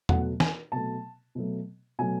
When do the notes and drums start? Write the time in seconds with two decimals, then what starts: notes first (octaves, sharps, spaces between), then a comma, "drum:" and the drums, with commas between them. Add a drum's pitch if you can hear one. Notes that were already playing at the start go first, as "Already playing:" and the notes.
0.09 B2 F#3 A3 F#5, drum: tom E2
0.40 G#5, drum: snare
0.72 B2 F#3 A3 A5
1.35 B2 F#3 A3
1.99 B2 F#3 A3 G#5